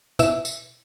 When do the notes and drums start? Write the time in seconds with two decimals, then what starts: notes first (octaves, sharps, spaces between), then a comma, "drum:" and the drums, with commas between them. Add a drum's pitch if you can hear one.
0.19 B2 E4 E5, drum: tambourine
0.45 drum: tambourine